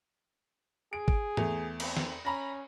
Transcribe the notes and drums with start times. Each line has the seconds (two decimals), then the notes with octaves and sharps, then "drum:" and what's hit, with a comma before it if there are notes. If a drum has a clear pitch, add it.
0.93 G#4 D7
1.08 drum: kick
1.37 E2 A3 F7, drum: tom
1.80 C4, drum: cymbal
1.97 drum: snare
2.25 C#4 A#5 B5 A#6